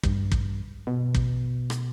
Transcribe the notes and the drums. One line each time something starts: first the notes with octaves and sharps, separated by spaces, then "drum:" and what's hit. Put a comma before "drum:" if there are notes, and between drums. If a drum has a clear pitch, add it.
G2, drum: kick
drum: kick
B2
drum: kick
drum: rim click